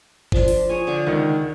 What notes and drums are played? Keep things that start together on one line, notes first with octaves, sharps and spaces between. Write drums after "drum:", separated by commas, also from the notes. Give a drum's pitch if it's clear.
F3 D4 F4, drum: kick G1
drum: open hi-hat
G#4 C#5 G#5
D3 C#6 D6
C#2 D#3 F#5